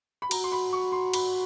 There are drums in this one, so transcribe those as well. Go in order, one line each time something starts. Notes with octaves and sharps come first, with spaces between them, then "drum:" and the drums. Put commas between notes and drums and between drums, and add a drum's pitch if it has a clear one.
B5
F#4 A#5, drum: cymbal
C6
B5
C#6
C6
B5, drum: cymbal